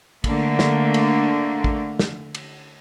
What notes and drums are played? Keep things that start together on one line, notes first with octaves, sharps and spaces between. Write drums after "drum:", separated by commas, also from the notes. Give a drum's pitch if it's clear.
D3 A3 A#3 D4, drum: kick, cymbal
drum: snare
drum: cymbal
drum: kick
drum: snare
drum: cymbal